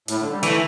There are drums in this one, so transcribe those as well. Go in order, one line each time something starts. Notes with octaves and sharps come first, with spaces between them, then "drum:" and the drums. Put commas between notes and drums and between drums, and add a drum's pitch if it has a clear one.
A2, drum: hi-hat
D3
G3
E3 A3, drum: hi-hat